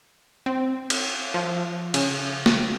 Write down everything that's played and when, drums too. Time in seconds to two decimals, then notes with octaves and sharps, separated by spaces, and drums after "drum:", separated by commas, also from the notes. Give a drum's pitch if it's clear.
0.46 C4
0.90 drum: cymbal
1.34 F3
1.94 C#3, drum: cymbal
2.46 drum: snare